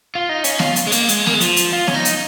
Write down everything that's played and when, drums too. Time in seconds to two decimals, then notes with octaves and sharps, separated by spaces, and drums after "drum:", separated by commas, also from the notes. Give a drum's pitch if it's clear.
0.15 F4
0.29 D#4
0.44 C#4, drum: hi-hat
0.59 F4, drum: snare B3
0.76 drum: hi-hat
0.87 G#3
0.92 A#3, drum: hi-hat
1.09 G#3, drum: hi-hat
1.26 A#3, drum: snare B3
1.34 G#3
1.41 F3, drum: hi-hat
1.56 drum: hi-hat
1.73 F4
1.87 C#4, drum: snare B3
1.94 D#4
2.05 drum: hi-hat